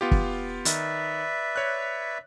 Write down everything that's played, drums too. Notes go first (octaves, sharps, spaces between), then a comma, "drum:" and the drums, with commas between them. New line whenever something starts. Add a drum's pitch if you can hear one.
B3 F4 G4
drum: kick
D#3 B4 D5 E5, drum: hi-hat
C#5 F#6